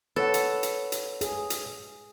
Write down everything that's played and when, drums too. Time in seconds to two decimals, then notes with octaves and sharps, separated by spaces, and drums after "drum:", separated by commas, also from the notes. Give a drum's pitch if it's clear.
0.16 A4 B4 C#5 F#5
0.34 drum: hi-hat
0.63 drum: hi-hat
0.92 drum: hi-hat
1.21 G#4, drum: hi-hat
1.50 drum: hi-hat